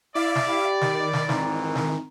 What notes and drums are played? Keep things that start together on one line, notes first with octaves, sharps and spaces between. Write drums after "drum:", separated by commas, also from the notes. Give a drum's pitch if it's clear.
E4 D5 E5 F5
drum: snare
G4 B5
D#3, drum: snare
drum: snare
F2 G#2 E3 C4 A#5, drum: snare
drum: snare